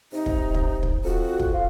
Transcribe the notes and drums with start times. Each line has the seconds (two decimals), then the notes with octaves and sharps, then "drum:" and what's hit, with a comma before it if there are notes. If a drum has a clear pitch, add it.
0.12 C3 D#4
0.26 drum: kick
0.54 drum: kick
0.83 drum: kick
1.04 F2 F#4
1.40 drum: kick
1.54 F4